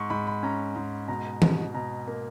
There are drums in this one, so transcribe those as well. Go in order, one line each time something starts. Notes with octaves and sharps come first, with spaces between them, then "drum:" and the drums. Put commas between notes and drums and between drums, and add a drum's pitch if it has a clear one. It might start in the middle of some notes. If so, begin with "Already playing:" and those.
Already playing: G#2 C#6
G#2 B5
B5
C#4 A#5
G#2
B2 A#5
B2, drum: tom D#3
B2 A#5
A#3